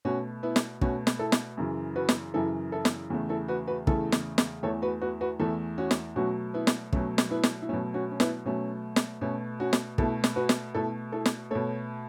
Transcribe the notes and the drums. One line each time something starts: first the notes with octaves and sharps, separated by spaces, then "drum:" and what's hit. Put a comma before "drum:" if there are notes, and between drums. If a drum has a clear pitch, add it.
B2 A3 C#4 F#4
B3 E4
drum: snare
B2 A3 C#4 F#4, drum: kick
drum: snare
E4 A4
drum: snare
F#2 C#3 E3
F#4 B4
drum: snare
F#2 C#3 E3 E4 A4
E4 A4
drum: snare
E2 C#3 A3
E4 A4
F#4 B4
F#4 B4
E2 C#3 A3 E4 A4, drum: kick
drum: snare
drum: snare
E2 E3 A3 A4 C#5
F#4 B4
F#4 B4
F#4 B4
E2 E3 A3 E4 A4
C#4 F#4
drum: snare
B2 F#3 A3 C#4 F#4
B3 E4
drum: snare
B2 F#3 A3 C#4, drum: kick
drum: snare
B3 E4
drum: snare
E4
B2 F#3 A3 C#4
C#4 F#4
C#4
B3 E4, drum: snare
B2 F#3 A3 C#4
drum: snare
B2 A3 C#4
C#4 F#4
drum: snare
B2 A3 E4 A4, drum: kick
drum: snare
F#4 B4
drum: snare
B2 A3 E4 A4
E4 A4
drum: snare
B2 A3 A4 C#5